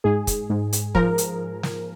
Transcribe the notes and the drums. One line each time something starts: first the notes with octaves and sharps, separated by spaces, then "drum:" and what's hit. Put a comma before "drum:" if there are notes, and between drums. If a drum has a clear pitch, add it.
G#2 G#4
drum: kick, hi-hat
G#2
drum: hi-hat
F3 A#4, drum: kick
drum: hi-hat
drum: snare